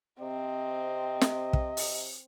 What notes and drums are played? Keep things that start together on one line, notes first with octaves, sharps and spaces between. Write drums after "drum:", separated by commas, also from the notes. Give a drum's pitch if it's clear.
C3 C4 D#5
drum: snare
drum: kick
drum: open hi-hat